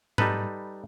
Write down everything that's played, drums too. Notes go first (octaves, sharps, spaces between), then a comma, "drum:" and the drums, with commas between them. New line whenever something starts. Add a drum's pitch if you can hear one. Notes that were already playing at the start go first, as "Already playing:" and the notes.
G3 D#4 A4 B4, drum: tom G#2